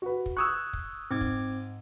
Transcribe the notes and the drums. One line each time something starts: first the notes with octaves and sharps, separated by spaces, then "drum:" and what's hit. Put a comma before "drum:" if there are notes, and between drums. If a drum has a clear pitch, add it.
F#4 B4
drum: kick
C#6 D#6 E6 F#6 G#6
drum: kick
G#2 C4 D6 G#6
drum: kick